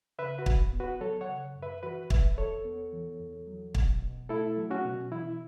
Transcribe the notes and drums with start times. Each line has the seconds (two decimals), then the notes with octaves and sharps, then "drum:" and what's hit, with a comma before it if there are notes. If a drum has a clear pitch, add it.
0.19 C#3 B4 E5
0.38 F#4 B4
0.46 F#2, drum: kick
0.73 B3
0.80 F#4 B4
1.01 F#3 A4 C#5
1.21 C#5 F#5
1.28 C#3
1.55 F#2
1.63 B4 E5
1.83 E3 F#4 B4
2.10 E2 B4 E5, drum: kick
2.38 E2 A4 C#5
2.65 B3
2.93 E3
3.20 E2
3.47 F#3
3.75 B2, drum: kick
4.02 B2
4.29 A3 E4 A4
4.57 F#3
4.70 C#4 F#4
4.85 B2
5.12 E3 E4